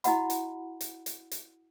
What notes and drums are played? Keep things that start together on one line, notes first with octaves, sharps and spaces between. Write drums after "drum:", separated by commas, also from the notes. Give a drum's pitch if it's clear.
E4 F#4 D#5 F#5 B5, drum: hi-hat
drum: hi-hat
drum: hi-hat
drum: hi-hat
drum: hi-hat